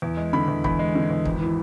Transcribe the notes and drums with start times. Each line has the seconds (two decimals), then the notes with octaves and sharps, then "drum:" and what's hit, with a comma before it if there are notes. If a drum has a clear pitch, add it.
0.02 E2
0.17 G#3
0.33 D3 B5
0.48 E2
0.64 E2 B5, drum: kick
0.79 G#3
0.95 D3
1.10 E2
1.25 G#1, drum: kick
1.41 E3